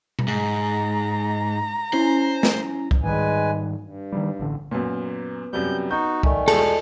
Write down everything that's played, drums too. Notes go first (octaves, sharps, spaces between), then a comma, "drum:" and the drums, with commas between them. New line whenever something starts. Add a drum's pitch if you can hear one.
drum: tom B2
G#2 A#5
C#4 E4 C5 G#5
drum: snare
drum: kick
G#2 D#3 G3 G#3 B4 G#5
G2
D#3 E3 G3
A1 D3
F#2 A#2 B3 B4
F#2 C3 G3 G6
D#4 F#4 G6
D#3 A3 D5 D#5 G#5, drum: kick
E1 G#3 A4, drum: cymbal